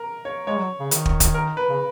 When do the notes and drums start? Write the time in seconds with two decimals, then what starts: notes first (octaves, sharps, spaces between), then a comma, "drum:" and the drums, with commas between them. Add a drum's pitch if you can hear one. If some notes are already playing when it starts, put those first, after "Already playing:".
Already playing: A#4
0.25 C#5
0.47 G#3 C#5
0.58 F#3
0.80 C#3
0.91 D#3, drum: hi-hat
1.06 drum: kick
1.20 drum: kick, hi-hat
1.34 A#4
1.57 B4
1.69 C#3